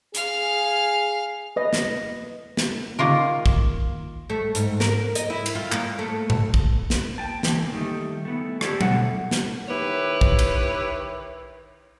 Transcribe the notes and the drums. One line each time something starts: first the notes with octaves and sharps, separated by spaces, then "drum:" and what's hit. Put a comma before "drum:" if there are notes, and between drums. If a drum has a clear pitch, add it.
G#4 F5, drum: hi-hat
B4 D#5
drum: snare
drum: snare
D#3 A#3 F4 A#4
drum: kick
A3
G#2, drum: hi-hat
A#4, drum: snare
D#5, drum: hi-hat
E4
drum: cymbal
F4
A#3, drum: clap
A3
drum: tom A2
drum: kick
drum: snare
G5 A5
E3 A#3, drum: snare
D#3 G3 A3
A3 B3 E4
D4 E4 G4 A4, drum: rim click
B2 D3 A3 B3 F#5, drum: tom
drum: snare
D#3 E4 G4 B4 C#5
drum: kick
drum: cymbal